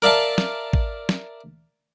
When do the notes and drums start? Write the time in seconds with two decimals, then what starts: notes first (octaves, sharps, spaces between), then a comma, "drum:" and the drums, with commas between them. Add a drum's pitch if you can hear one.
0.02 A#4 D5 E5 F5 A5
0.38 drum: snare
0.73 drum: kick
1.09 drum: snare